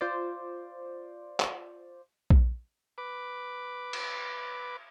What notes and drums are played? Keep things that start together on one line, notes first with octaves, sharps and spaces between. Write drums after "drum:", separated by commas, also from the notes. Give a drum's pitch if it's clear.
F4 C5 D5
drum: clap
drum: kick A#1
B4 D6
drum: cymbal